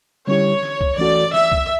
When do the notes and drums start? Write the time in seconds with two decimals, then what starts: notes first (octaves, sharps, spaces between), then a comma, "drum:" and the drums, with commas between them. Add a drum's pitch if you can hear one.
0.27 D3 G3 C#4 E4 G4 C#5
0.63 drum: snare
0.81 drum: kick
0.98 E3 A3 C#4 F#4 A4 D5
1.34 E5, drum: snare
1.52 drum: kick